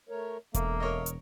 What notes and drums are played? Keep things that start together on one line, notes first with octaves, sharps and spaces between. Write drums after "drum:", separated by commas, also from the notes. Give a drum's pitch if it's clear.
A3 A#4 C#5
E1 A#3 A4 E5 F5, drum: kick E1, hi-hat
A#4 C#5 D#5
drum: hi-hat